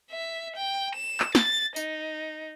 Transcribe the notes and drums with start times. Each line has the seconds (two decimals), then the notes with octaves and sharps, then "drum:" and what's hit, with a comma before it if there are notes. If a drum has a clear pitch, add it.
0.12 E5
0.56 G5
0.95 E7
1.20 drum: clap
1.35 A6, drum: snare
1.76 D#4, drum: tambourine